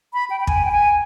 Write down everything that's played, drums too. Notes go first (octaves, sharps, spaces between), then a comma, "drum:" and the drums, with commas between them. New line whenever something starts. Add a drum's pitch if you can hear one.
B5
G5
G5
G#5, drum: kick
G5
G#5